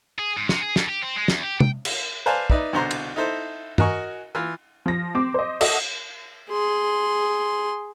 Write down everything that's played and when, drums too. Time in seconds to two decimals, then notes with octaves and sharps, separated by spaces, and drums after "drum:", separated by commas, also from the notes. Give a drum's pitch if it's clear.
0.19 G#4
0.37 G#2
0.49 C3, drum: snare
0.61 G#4
0.76 F2, drum: snare
0.89 G4
1.02 C4
1.16 G#3
1.28 E2, drum: snare
1.43 G4
1.60 G5, drum: tom
1.85 drum: cymbal
2.26 B4 C5 D5 F5 G#5 A5
2.50 D#4 B4 D5 E5, drum: kick
2.73 C2 B2 D3 C5 A#5 C6
2.91 drum: cymbal
3.16 D#4 E4 A4 C5
3.78 F#4 A#4 D#5 G#5 C#6, drum: tom G2
4.35 E3 F4
4.86 F3 A#6
5.15 C4 D6
5.34 C5 D#5
5.61 F#4 A4 D#5 E5, drum: cymbal
6.50 G#4 C6